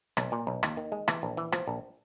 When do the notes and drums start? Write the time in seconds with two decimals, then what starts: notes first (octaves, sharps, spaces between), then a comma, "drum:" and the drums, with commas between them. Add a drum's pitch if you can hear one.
0.17 B1, drum: rim click
0.32 A#2
0.47 B1
0.63 D#2, drum: rim click
0.77 D#3
0.92 G#3
1.08 E3, drum: rim click
1.23 A#1
1.37 E3
1.52 F3, drum: rim click
1.67 A#1